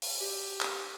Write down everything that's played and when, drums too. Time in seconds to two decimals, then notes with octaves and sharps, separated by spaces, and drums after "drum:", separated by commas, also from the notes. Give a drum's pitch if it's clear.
0.02 drum: open hi-hat
0.20 G4
0.61 drum: clap